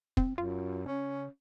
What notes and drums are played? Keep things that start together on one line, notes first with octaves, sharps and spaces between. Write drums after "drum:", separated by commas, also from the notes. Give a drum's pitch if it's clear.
C4, drum: kick
F#2 F4
C#3 C#4